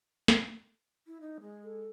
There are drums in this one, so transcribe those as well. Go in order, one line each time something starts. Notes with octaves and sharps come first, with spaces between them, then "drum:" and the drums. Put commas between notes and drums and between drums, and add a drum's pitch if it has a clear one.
drum: snare
E4
D#4
G#3
A4